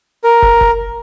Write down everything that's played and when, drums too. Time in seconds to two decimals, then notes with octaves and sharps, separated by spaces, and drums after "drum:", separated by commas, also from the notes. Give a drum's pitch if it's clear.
0.24 A#4
0.42 drum: kick
0.61 drum: kick